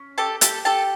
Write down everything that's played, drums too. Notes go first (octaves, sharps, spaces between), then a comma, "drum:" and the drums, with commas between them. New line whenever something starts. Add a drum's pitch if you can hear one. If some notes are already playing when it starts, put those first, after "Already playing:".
Already playing: C#4
G4 A4 A5
G4 A4 A5, drum: hi-hat
G4 A4 A5